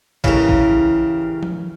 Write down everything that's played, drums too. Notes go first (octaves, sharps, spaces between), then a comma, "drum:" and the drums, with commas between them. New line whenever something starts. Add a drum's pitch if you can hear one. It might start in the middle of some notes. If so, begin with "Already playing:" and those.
C#3 E3 G4 A#4, drum: kick A1
drum: kick A1
drum: tom F3